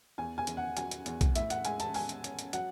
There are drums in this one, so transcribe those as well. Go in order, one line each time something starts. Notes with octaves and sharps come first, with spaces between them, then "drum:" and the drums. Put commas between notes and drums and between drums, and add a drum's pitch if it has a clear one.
E2 G#5
G#5
E2, drum: hi-hat
F#5
F#3 G#5, drum: hi-hat
drum: hi-hat
E2, drum: hi-hat
drum: kick, hi-hat
A2 E5, drum: hi-hat
F#5, drum: hi-hat
G#3 G#5, drum: hi-hat
A5, drum: hi-hat
G#3 G#5, drum: open hi-hat
drum: hi-hat
C#4, drum: hi-hat
drum: hi-hat
F#3 F#5, drum: hi-hat